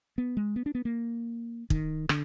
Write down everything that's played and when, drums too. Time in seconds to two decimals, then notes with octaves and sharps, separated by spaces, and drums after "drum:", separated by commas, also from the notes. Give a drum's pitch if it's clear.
0.18 B3
0.37 G#3
0.56 B3
0.66 D4
0.75 B3
0.85 A#3
1.70 D#3, drum: kick
2.09 D3, drum: rim click